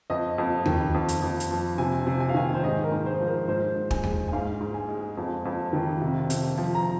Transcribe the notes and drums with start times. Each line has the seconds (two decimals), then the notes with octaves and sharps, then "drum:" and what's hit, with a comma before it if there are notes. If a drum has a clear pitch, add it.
0.10 F2 D#5
0.38 F2
0.66 D#3, drum: tom
0.94 F2
1.08 drum: hi-hat
1.22 F2
1.40 drum: hi-hat
1.51 F3
1.78 C3 G#5
2.07 C3
2.20 G#5
2.29 F5
2.34 D#3 G#5
2.54 C5
2.63 G#2 D#5
2.84 A#4
2.92 G#2
3.06 C5
3.20 F3
3.27 A#4
3.48 G#2 C5
3.75 G#2
3.91 G#5, drum: kick
4.04 G#3, drum: tom
4.28 G#5
4.32 G#2 F5
4.60 G#2
4.74 G#5
4.88 G#3
5.17 F2
5.45 F2
5.73 D#3
6.01 C3
6.30 C3, drum: hi-hat
6.57 F3
6.75 A#5